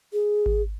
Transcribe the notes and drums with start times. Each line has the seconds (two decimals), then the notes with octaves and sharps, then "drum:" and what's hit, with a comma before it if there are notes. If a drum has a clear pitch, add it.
0.13 G#4
0.46 drum: kick G#1